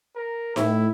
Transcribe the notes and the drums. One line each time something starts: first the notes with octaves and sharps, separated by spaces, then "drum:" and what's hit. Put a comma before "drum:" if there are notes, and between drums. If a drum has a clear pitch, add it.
A#4
A2 E4, drum: snare D#4